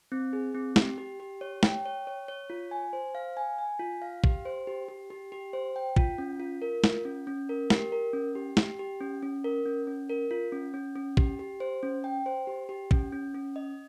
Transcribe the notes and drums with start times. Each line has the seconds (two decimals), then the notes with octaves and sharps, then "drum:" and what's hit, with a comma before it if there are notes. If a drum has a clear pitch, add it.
0.12 C4
0.33 G#4
0.55 C4
0.76 G4, drum: snare
0.98 G4
1.20 G4
1.41 C#5
1.63 G5, drum: snare
1.85 C#5
2.07 C#5
2.28 C#5
2.50 F4
2.71 G#5
2.93 C5
3.15 F5
3.37 G#5
3.58 G#5
3.79 F4
4.02 F5
4.24 G4, drum: kick
4.45 C5
4.67 G4
4.89 G4
5.10 G4
5.32 G4
5.53 C5
5.76 G5
5.96 F4, drum: kick
6.18 C#4
6.40 F4
6.62 A#4
6.84 F4, drum: snare
7.05 C#4
7.27 C#4
7.49 A#4
7.70 G4, drum: snare
7.92 A#4
8.13 C#4
8.35 G4
8.57 G4, drum: snare
8.79 G4
9.01 C#4
9.22 C#4
9.44 A#4
9.66 C#4
9.87 C#4
10.09 A#4
10.31 F4
10.52 C#4
10.74 C#4
10.96 C#4
11.17 G4, drum: kick
11.39 G4
11.60 C5
11.83 C#4
12.04 G5
12.26 C5
12.47 G4
12.69 G4
12.91 C#4, drum: kick
13.13 C#4
13.35 C#4
13.56 D#5